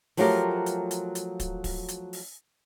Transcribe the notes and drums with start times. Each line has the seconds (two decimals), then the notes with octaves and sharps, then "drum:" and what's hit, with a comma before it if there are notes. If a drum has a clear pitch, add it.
0.17 F3 F#3 A3 F4 G4 A#4, drum: open hi-hat
0.66 drum: hi-hat
0.91 drum: hi-hat
1.15 drum: hi-hat
1.40 drum: kick, hi-hat
1.64 drum: kick, open hi-hat
1.88 drum: hi-hat
2.13 drum: open hi-hat